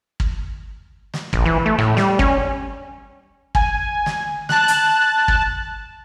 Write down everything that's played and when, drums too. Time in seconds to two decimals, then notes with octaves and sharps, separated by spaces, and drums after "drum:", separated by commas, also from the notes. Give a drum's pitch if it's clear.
0.20 drum: kick
1.14 drum: snare
1.33 A#1, drum: kick
1.46 E3
1.66 A3
1.78 A2, drum: rim click
1.97 G3, drum: snare
2.19 C#4, drum: kick
3.55 G#5, drum: kick
4.06 drum: snare
4.49 A5 F#6, drum: snare
4.68 drum: hi-hat
5.28 drum: kick